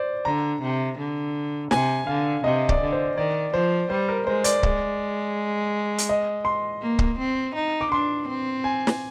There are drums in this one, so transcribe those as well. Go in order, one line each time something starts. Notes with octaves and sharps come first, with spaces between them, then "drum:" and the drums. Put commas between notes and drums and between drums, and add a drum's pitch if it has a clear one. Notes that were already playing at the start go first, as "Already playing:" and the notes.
Already playing: C5 D5
D3 A#5
C3
D3
C3 G#5, drum: snare
D3 F5
C3 D#5
D5, drum: kick C#1
D3
C5
D#3 D5
F3 C5
G3 C5
A#4
G#3 C5
D5, drum: hi-hat
G#3, drum: kick C#1
drum: hi-hat
D#5
C6
A#3
drum: kick C#1
C4
D#4
D6
D4 C6
C4
G#5
drum: snare